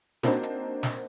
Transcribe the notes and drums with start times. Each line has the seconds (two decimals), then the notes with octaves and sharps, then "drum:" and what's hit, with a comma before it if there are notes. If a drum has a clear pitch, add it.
0.23 A#3 C4 D4 D#4 F#4 C5, drum: snare
0.43 drum: hi-hat
0.83 drum: snare